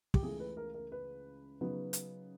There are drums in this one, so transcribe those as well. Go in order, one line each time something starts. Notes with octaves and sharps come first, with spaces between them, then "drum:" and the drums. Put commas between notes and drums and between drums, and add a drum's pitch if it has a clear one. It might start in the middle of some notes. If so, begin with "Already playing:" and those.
G4, drum: kick
C#2 C#3 E3 A3 G#4
B4
A#4
A#4
B4
C#3 F#3 B3 D#4
drum: hi-hat